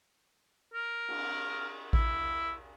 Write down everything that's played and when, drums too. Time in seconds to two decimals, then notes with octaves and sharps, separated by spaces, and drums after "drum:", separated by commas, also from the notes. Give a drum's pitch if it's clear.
0.74 A#4
1.08 drum: cymbal
1.93 E4, drum: kick A1